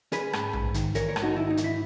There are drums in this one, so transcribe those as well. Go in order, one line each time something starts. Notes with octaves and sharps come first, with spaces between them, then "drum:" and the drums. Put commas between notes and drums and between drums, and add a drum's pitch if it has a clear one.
C#4 G#4 B4, drum: hi-hat
G#2, drum: rim click
G#2, drum: tom A#1
D#3, drum: hi-hat
E3 A#4 C#5, drum: hi-hat
A#4 C#5
G#2, drum: rim click
D#4 F#4
D#3 E4
D#4
G#2, drum: hi-hat
E4